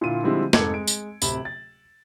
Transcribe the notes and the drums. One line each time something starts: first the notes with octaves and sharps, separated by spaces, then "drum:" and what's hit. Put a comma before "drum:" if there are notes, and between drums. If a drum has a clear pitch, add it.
A#2 D3 E4 F4 D#7
D3 F3 G3 G#3 C4 E4
F1 G#2 A4 D6 G#6 C#7, drum: snare
G#3 D7
drum: tambourine
D1 C3 B5 E7 F#7, drum: tambourine
A6